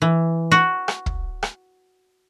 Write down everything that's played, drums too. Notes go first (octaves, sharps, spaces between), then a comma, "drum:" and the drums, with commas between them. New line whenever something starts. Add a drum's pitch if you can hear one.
E3
F#4
drum: rim click
drum: kick
drum: rim click